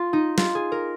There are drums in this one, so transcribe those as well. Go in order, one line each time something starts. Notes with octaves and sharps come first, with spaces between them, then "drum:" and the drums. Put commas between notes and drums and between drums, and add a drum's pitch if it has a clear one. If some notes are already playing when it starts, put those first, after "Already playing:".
Already playing: F4
D#4
F4, drum: snare
G#4
A#4